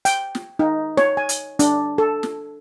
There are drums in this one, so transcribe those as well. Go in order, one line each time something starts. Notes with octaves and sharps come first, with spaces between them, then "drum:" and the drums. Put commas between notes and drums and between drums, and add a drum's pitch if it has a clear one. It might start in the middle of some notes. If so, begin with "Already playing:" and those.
G5, drum: hi-hat
drum: snare
D#4
C#5, drum: snare
G#5
drum: hi-hat
D4, drum: hi-hat
A4
drum: snare